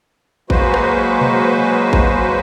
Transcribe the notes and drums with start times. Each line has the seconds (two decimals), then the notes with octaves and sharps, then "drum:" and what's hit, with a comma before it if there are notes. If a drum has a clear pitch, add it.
0.50 F#3 G#3 A#3 F#4 B4 C5, drum: kick G#1
0.74 drum: rim click
1.21 drum: tom B2
1.93 drum: kick G#1